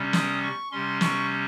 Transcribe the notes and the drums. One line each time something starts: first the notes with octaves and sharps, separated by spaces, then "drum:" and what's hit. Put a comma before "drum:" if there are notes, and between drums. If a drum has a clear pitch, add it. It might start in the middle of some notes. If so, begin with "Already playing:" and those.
Already playing: C3 G3 C#4
D#6, drum: snare
C#6
C3 G3 C#4 C6
C#6, drum: snare